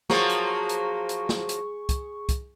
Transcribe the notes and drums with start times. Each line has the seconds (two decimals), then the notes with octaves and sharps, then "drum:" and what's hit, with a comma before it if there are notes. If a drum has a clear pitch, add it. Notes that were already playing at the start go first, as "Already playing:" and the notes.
0.10 F3 F#3 A#3 G#4 C#6, drum: snare
0.30 drum: hi-hat
0.69 drum: hi-hat
1.09 drum: hi-hat
1.29 drum: snare
1.49 drum: hi-hat
1.89 drum: kick, hi-hat
2.29 drum: kick, hi-hat